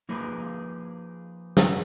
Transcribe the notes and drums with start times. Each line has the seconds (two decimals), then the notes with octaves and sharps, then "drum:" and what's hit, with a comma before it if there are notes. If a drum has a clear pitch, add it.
0.09 F3 A#3 D#4 G#4 A#4 B4
1.57 drum: snare